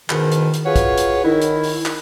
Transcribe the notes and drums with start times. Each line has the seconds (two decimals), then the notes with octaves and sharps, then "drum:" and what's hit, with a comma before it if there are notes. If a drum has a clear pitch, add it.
0.10 E2 G#2 B2 D#3, drum: clap
0.32 drum: hi-hat
0.54 drum: hi-hat
0.65 F4 F#4 G#4 B4 C#5
0.76 drum: kick, hi-hat
0.98 drum: hi-hat
1.24 D#3 E4
1.42 drum: hi-hat
1.64 drum: open hi-hat
1.86 drum: clap